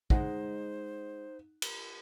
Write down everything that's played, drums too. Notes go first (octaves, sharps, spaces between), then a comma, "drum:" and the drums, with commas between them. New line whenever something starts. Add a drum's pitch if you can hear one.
G#3 D#4 C5 F#5, drum: kick
drum: cymbal